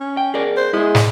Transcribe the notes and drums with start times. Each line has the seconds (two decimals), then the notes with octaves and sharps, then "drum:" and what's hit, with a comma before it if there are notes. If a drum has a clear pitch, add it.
0.01 C#4
0.17 G5
0.34 G#4 A#4 D5
0.57 C5
0.73 G#3 E4 G#4
0.95 drum: snare